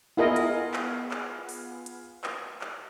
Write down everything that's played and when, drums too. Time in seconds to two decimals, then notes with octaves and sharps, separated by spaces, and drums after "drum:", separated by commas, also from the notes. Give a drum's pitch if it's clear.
0.17 B3 E4 F4 G#4 A#4 D#5
0.36 drum: hi-hat
0.74 drum: clap
1.11 drum: clap
1.49 drum: open hi-hat
1.86 drum: hi-hat
2.24 drum: clap
2.61 drum: clap